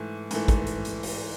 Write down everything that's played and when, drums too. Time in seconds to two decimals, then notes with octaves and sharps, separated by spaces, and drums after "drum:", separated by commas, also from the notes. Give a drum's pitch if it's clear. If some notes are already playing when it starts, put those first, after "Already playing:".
Already playing: G#2 E3 A3
0.31 G#2 E3 A3, drum: hi-hat
0.48 drum: kick, hi-hat
0.67 drum: hi-hat
0.85 drum: hi-hat
1.03 drum: open hi-hat